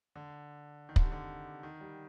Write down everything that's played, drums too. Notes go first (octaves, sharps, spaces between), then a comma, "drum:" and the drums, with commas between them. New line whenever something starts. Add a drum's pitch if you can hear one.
D3
D#3
D3, drum: kick
C3
D3
D#3
G3